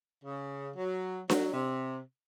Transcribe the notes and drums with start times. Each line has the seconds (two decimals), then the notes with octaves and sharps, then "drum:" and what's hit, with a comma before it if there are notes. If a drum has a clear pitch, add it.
0.25 C#3
0.76 F#3
1.30 F#3, drum: snare D4
1.54 C3